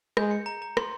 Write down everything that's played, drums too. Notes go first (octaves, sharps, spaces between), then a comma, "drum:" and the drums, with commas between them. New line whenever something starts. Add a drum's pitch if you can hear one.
G#3 G6, drum: rim click
C#7
A#5
A#5
C6, drum: rim click